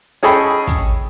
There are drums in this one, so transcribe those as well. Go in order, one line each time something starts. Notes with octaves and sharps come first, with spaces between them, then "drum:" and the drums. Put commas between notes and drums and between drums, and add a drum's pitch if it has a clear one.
C#4 G#4 A4 D#5 G5 B5, drum: hi-hat
drum: kick, hi-hat